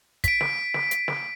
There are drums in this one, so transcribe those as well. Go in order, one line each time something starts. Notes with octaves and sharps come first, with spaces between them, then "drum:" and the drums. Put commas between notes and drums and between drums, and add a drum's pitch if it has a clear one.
B6 D7, drum: kick, hi-hat
drum: snare
drum: snare
drum: hi-hat
drum: snare